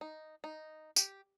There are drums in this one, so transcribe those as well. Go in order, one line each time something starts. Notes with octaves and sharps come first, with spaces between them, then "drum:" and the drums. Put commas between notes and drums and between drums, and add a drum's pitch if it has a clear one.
D#4
D#4
G4, drum: tambourine